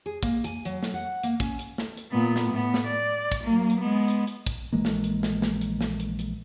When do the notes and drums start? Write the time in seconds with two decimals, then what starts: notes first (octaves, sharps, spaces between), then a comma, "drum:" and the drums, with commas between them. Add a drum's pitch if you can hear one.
0.06 G#4
0.23 A#3, drum: kick, hi-hat
0.44 G#5, drum: hi-hat
0.65 F#3, drum: hi-hat
0.83 drum: snare
0.94 F#5
1.23 A#3, drum: hi-hat
1.40 C#4, drum: kick, hi-hat
1.59 drum: hi-hat
1.78 drum: snare
1.97 drum: hi-hat
2.11 A#2 B3
2.36 drum: snare
2.50 A2 B3
2.74 drum: snare
2.87 D5
3.32 drum: kick, hi-hat
3.44 F#3 A#3
3.70 drum: hi-hat
3.81 G#3 B3
4.08 drum: hi-hat
4.27 drum: hi-hat
4.46 drum: kick, hi-hat
4.73 A#1 E3 G#3 A#3
4.85 drum: snare
5.04 drum: hi-hat
5.23 drum: snare
5.42 drum: snare
5.61 drum: hi-hat
5.81 drum: snare
6.00 drum: hi-hat
6.19 drum: hi-hat